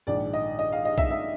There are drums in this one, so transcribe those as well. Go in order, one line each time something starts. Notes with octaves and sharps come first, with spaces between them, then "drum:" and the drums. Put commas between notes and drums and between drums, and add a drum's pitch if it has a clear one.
A#1 G#2 D#3 D5
D#5
D#5
F5
D#5
E5, drum: kick
E5